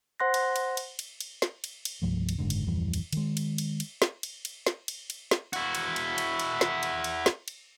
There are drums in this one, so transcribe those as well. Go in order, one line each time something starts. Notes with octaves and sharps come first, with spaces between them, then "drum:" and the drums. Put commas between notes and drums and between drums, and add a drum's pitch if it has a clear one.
C5 F#5 C6 F#6 A#6
drum: cymbal
drum: cymbal
drum: cymbal
drum: cymbal
drum: cymbal
drum: snare
drum: cymbal
drum: cymbal
C2 G2 F3 A3
drum: cymbal
F#1 G#2 D3
drum: cymbal
D1 F2 E3 G3
drum: cymbal
D#3 G#3, drum: cymbal
drum: cymbal
drum: cymbal
drum: cymbal
drum: snare
drum: cymbal
drum: cymbal
drum: snare
drum: cymbal
drum: cymbal
drum: snare
E4 F#4, drum: cymbal
drum: cymbal
drum: cymbal
drum: cymbal
drum: cymbal
drum: snare
drum: cymbal
drum: cymbal
drum: snare
drum: cymbal